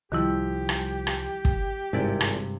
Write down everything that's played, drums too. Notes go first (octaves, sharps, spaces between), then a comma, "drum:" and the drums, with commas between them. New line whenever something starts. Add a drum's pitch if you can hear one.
C2 D#3 F3 G3 E4 G4
drum: rim click
drum: rim click
drum: kick
G#1 G2 C3 G#3 E4 D5
drum: rim click